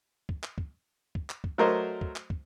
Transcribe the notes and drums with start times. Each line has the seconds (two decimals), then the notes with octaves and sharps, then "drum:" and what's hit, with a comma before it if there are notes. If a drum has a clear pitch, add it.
0.29 drum: kick
0.43 drum: clap
0.58 drum: kick
1.15 drum: kick
1.30 drum: clap
1.44 drum: kick
1.58 F#3 A3 A#4 C5 D#5
2.01 drum: kick
2.16 drum: clap
2.30 drum: kick